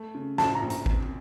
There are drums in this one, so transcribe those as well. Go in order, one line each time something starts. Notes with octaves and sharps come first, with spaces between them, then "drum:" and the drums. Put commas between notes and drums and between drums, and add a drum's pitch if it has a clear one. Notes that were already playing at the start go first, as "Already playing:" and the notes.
Already playing: A3
C#3
A2 A5, drum: snare
A#5
A#1
A#5, drum: hi-hat
C3, drum: kick G#1
drum: tom